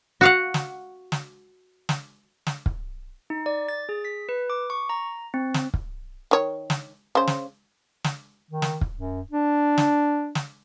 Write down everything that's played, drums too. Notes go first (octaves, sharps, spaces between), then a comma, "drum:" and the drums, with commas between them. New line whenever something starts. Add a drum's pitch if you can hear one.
F#4 F5 F#5
drum: snare
drum: snare
drum: snare
drum: snare
drum: kick
D#4
D5
A6
G#4
B6
B4
D6
C#6
A#5
C4
drum: snare
drum: kick
D#3 C#5
drum: snare
C#3 C5
drum: snare
drum: snare
D#3
drum: snare
drum: kick
F#2
D4
drum: snare
drum: snare